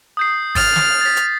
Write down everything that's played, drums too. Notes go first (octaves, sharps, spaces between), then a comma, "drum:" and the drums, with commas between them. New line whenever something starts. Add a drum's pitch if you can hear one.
D#6 G6 C7
D#6 F6 A6, drum: kick G1, open hi-hat
drum: snare
A6 B6
drum: hi-hat